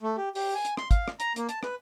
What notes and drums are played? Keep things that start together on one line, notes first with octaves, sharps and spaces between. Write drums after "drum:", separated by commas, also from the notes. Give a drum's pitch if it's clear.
A3
G4
G4, drum: open hi-hat
G#5
drum: hi-hat
C6, drum: rim click
F5, drum: kick, hi-hat
drum: rim click
A#5, drum: hi-hat
A#3, drum: hi-hat
A5, drum: hi-hat
B4, drum: rim click